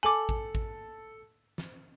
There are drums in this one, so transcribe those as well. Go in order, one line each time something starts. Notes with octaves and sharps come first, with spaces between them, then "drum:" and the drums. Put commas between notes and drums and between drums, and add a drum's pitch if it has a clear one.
A4 G#5 D6 F#7
drum: kick A1
drum: kick A1
drum: snare